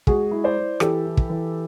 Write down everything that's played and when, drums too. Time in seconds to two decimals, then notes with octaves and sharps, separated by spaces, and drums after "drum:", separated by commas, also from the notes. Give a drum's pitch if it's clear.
0.07 G#3 F#4 G#4, drum: kick
0.31 E4
0.44 C5 D5
0.57 E4
0.80 E3 G4 A4, drum: rim click
1.06 E4
1.17 drum: kick
1.29 E3